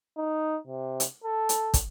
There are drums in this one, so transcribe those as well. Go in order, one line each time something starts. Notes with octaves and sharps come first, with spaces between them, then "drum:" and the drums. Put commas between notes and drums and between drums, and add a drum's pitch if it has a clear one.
D#4
C3
drum: hi-hat
A4
drum: hi-hat
drum: kick, hi-hat